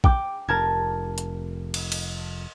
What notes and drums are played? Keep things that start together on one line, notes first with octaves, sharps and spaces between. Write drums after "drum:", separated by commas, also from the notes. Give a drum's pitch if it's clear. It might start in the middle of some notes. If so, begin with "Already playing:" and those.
G5 D6 G6, drum: kick A#1
F1 A#4 A5 G#6
drum: hi-hat
drum: cymbal
drum: cymbal